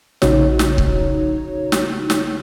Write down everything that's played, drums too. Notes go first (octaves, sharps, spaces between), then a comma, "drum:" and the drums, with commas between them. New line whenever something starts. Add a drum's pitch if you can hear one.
A#1 C#3 D#4 F#4 C#5, drum: snare
drum: snare
drum: kick C#1
drum: snare
drum: snare